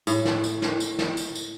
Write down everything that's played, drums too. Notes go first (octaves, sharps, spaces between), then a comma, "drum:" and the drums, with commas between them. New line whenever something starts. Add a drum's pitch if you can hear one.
A2, drum: tambourine
drum: snare
drum: tambourine
drum: snare
drum: tambourine
drum: snare
drum: tambourine
drum: tambourine